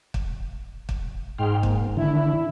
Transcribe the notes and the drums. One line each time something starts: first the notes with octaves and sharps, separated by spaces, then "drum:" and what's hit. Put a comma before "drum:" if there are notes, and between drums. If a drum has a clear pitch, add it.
drum: kick
drum: kick
G#2 G5 C6 F6
A#3, drum: kick
D3 D#3 D4 E4